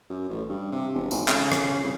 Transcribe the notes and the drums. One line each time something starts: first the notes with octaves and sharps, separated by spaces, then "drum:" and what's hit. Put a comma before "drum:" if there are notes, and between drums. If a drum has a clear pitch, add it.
F#2
A1
G2
C3
E1
G#1, drum: tambourine
C#3, drum: clap
drum: rim click
C2